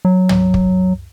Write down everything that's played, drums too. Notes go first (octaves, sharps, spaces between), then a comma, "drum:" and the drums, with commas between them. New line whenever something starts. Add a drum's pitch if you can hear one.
F#3
drum: tom
drum: kick